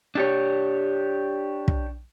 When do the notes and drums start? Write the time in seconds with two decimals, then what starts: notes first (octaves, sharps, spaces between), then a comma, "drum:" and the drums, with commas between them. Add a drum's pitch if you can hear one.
0.15 D4 G4 C#5
1.68 drum: kick